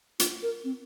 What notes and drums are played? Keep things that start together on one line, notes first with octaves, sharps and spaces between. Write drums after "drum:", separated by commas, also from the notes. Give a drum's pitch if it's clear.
F4, drum: hi-hat
A#4
C4